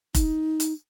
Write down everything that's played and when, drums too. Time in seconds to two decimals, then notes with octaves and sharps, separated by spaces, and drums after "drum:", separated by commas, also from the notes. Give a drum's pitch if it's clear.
0.15 D#4, drum: kick F1, hi-hat
0.60 drum: hi-hat